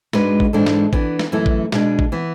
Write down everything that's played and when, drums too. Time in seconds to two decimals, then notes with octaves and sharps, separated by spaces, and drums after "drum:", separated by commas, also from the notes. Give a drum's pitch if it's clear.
0.13 G#2 G#3 D4 F#4 B4, drum: snare
0.40 drum: kick A1
0.53 G#2 E3 G#3 D4 A4
0.66 drum: snare
0.93 E3 B3 D4, drum: kick A1
1.19 drum: snare
1.32 F#2 E3 A3 E4 A4
1.46 drum: kick A1
1.72 B2 G#3 D4, drum: snare
1.99 drum: kick A1
2.12 E3 B3